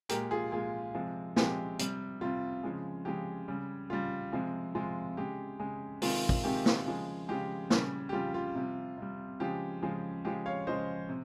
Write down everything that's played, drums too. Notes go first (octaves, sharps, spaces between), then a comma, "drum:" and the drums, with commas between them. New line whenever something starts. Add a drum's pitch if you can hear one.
A#2 G#3 G4 A#4, drum: hi-hat
F4 G#4
A#2 G#3 F4 G#4
C3 F3 G#3
C3 F3 G#3 G4, drum: snare
C3 G3, drum: hi-hat
C3 G3 F4
C#3 F3 G#3
C#3 F3 G#3 G4
C#3 G3
C#3 G3 F4
C3 F3 G#3
C3 F3 G#3 F4
C#3 G#3 G4
C#3 G#3
C3 D#3 G#3 F4, drum: open hi-hat
drum: kick
C3 D#3 G#3 G4
drum: snare
C#3 F3 G#3
C#3 F3 G#3 G4
C#3 G3, drum: snare
G4
C#3 G3 F4
F4
C3 G3
C3 G3
C#3 F3 G#3 G4
C#3 F3 G#3
C#3 F3 G#3 G4
C#5 F5
C#3 F3 G#3 C5 D#5
C3